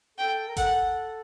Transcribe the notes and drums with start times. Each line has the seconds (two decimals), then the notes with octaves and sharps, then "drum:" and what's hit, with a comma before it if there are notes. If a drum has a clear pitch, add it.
0.18 A4 G5
0.48 A#4
0.57 A4 F#5, drum: kick G#1, hi-hat